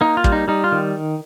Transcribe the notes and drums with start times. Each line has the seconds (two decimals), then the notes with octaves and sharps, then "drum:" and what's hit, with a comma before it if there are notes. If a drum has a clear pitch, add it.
0.01 A#3 D#4
0.17 F4
0.24 G3, drum: kick
0.32 D#4
0.48 G3 D#4
0.64 F4
0.72 D#3